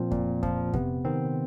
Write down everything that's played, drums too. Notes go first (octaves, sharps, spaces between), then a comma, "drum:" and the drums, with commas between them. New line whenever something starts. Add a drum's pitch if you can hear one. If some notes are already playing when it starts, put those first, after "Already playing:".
Already playing: A#2 F3 C4
A#2, drum: kick F2
F3, drum: kick F2
C3 B3, drum: kick F2
D#3 C4